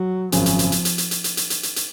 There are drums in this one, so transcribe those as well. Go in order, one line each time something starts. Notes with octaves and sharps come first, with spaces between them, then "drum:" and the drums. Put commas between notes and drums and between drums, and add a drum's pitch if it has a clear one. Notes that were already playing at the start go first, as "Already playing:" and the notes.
Already playing: F#3
G#1 F#2 C#3 F3, drum: hi-hat
drum: hi-hat
drum: hi-hat
drum: hi-hat
drum: hi-hat
drum: hi-hat
drum: hi-hat
drum: hi-hat
drum: hi-hat
drum: hi-hat
drum: hi-hat
drum: hi-hat